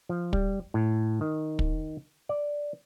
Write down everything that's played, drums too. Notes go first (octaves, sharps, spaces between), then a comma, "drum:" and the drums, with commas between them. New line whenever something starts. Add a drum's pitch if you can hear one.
F3
G3, drum: kick
A2
D#3
drum: kick
D5